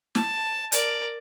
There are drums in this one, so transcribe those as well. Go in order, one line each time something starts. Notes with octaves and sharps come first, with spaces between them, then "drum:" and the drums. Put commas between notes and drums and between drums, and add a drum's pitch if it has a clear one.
A5, drum: snare
A#4 D5, drum: hi-hat